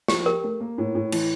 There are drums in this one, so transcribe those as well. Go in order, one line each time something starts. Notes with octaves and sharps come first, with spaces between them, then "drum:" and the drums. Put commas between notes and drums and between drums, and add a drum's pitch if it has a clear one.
F3 G4, drum: snare
G4 A#4
A3
A#3
A2
A2
E3, drum: cymbal